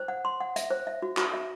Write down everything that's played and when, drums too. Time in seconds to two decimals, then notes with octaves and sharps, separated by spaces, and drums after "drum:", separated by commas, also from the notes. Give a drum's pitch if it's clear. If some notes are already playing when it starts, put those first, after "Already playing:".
Already playing: C5
0.08 F#5
0.25 C6
0.41 F#5
0.56 E5, drum: hi-hat
0.70 C5
0.87 E5
1.02 F#4
1.17 F#4, drum: clap
1.34 E5